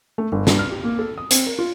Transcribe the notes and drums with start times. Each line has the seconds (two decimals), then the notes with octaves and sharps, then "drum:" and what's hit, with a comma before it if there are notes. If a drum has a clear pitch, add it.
0.18 A3
0.32 G1
0.47 G2, drum: snare
0.59 F6
0.71 G4
0.84 A#3
0.99 A4
1.18 D#6
1.31 C4, drum: hi-hat
1.46 A#4
1.59 F4